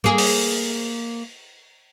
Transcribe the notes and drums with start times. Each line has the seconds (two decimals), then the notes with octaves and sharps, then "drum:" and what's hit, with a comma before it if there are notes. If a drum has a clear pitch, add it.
0.04 A#3 G#4
0.18 drum: open hi-hat